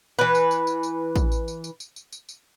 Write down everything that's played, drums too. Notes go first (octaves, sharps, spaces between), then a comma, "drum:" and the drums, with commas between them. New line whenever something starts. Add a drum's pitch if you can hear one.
E3 B4
drum: tambourine
drum: tambourine
drum: tambourine
drum: tambourine
drum: kick, tambourine
drum: tambourine
drum: tambourine
drum: tambourine
drum: tambourine
drum: tambourine
drum: tambourine
drum: tambourine